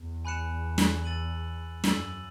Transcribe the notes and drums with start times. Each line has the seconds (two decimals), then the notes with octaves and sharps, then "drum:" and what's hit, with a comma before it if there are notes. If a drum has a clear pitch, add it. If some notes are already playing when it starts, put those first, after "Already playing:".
Already playing: E2
0.25 G#5 B5 F#6 C#7 E7
0.78 drum: snare
1.04 E6 A6 D#7 F#7
1.84 F#2 E6 A6 D#7 F#7, drum: snare